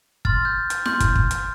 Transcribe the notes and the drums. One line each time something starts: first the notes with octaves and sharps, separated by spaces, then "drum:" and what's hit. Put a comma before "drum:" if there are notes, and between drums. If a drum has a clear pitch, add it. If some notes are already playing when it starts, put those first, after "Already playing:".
C6 F6 A6, drum: kick
G6
drum: hi-hat
C6 F6 G6, drum: snare E4
drum: kick, hi-hat
drum: kick
drum: hi-hat